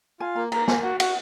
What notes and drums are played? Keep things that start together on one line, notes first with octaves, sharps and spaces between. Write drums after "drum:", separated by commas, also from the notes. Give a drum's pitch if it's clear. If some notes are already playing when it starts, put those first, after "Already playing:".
F4 G#5
A#3 A#5
A#3 A#5, drum: cymbal
A#3 G#5, drum: snare
F#4 F#5
F#4 F#5, drum: cymbal